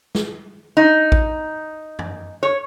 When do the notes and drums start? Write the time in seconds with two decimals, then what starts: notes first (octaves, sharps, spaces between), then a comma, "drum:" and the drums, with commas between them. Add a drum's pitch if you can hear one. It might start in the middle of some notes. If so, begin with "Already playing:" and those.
0.15 drum: snare
0.77 D#4
1.12 drum: kick A1
1.99 drum: tom F#2
2.43 C#5